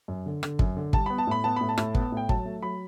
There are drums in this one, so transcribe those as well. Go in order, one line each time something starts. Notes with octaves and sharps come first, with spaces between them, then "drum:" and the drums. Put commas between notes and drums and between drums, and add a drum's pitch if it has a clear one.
F#2
D3
D3, drum: rim click
F#2, drum: kick
D3
G3 A5, drum: kick
B3 B5
A5
A2 B5
B3 A5
A2 B5
A5
A2, drum: rim click
B3, drum: kick
A2 G5
F#3 A5, drum: kick
A3
F#3 B5